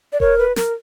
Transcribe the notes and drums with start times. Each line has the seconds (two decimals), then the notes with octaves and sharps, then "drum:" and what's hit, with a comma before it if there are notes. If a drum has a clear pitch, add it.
0.13 D5
0.20 A#4 C#5, drum: kick E1
0.38 B4
0.56 A#4, drum: snare